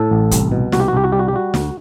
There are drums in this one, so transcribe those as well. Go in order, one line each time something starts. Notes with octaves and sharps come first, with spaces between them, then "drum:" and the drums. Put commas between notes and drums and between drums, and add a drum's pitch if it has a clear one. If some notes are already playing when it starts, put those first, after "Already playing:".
Already playing: A2 A4
A1
C2, drum: kick, hi-hat
B2
C2 F#4, drum: snare
G4
F#4
C2 G4
F#4
G3 G4
F#4
G4
G3 F#4
D2, drum: snare